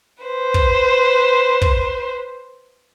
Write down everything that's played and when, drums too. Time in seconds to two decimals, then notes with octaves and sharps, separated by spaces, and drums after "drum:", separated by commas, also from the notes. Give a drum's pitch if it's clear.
0.24 B4 C5
0.54 drum: kick
1.62 drum: kick